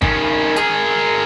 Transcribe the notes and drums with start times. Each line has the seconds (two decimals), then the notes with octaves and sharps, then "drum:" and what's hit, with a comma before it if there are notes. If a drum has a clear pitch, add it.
0.02 D#3 C#4, drum: kick G#1
0.56 G#4 A#4, drum: hi-hat